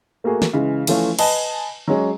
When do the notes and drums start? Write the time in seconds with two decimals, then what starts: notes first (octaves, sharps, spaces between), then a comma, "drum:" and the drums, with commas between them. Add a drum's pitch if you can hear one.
0.24 A3 A#3 F#4 G#4
0.42 drum: snare
0.53 C#3 E3 G#3
0.87 E3 F3 A3 C#4 F4, drum: cymbal
1.19 B4 D#5 G#5 A5, drum: cymbal
1.88 F#3 G#3 C#4